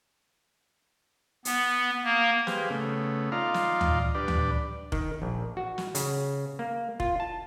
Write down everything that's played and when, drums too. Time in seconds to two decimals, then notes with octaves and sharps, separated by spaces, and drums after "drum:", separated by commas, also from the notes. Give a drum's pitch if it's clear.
1.45 B3, drum: hi-hat
2.04 A#3
2.47 G4 G#4 B4 C5 F5 G5, drum: snare
2.70 C#3 A3 B3
3.32 D#4 F4 D5 F5 A#5 C6
3.54 drum: snare
3.81 drum: tom D2
4.15 D4 G4 B4 D5
4.28 drum: tom D2
4.92 D#3, drum: kick
5.22 A#1
5.57 F#4
5.78 drum: snare
5.95 C#3, drum: hi-hat
6.59 A#3
7.00 F4, drum: kick
7.20 A5